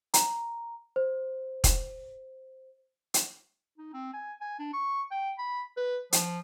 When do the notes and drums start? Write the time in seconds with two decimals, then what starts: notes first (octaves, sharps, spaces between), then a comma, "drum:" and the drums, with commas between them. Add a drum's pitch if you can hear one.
0.14 A#5, drum: hi-hat
0.96 C5
1.64 drum: kick E1, hi-hat
3.14 drum: hi-hat
3.78 D#4
3.93 C4
4.13 G#5
4.41 G#5
4.59 D4
4.73 C#6
5.11 G5
5.39 B5
5.77 B4
6.13 F3, drum: hi-hat